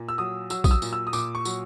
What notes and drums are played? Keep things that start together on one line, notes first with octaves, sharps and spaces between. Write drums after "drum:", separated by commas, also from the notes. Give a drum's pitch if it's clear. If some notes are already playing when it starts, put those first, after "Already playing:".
Already playing: A#2
E6
F#3 D#6
F#3 E6, drum: tambourine
D#6, drum: kick A#1, tambourine
E6
A#2, drum: tambourine
E6
D#6
A#2 D6, drum: tambourine
C#6
F#3, drum: tambourine